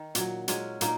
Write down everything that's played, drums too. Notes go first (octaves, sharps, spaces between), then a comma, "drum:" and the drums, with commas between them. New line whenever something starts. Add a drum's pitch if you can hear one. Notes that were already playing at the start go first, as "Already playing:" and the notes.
Already playing: D#3
A#2 F#3, drum: hi-hat
A#2 F#3 G#3 C#4, drum: hi-hat
A#2 A#3 D#4, drum: hi-hat